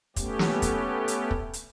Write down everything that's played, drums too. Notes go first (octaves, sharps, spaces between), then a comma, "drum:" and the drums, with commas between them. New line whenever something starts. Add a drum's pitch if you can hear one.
A3 B3 C#4 G4, drum: kick, hi-hat
drum: snare
drum: kick, hi-hat
drum: hi-hat
drum: kick
drum: hi-hat